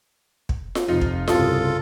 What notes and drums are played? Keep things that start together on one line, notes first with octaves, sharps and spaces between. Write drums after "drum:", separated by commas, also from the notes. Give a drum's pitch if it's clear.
drum: kick
drum: snare F4
F2 C3 D#4 F4
drum: kick
C2 G2 C#3 F4 A4 C6 D#6, drum: snare F4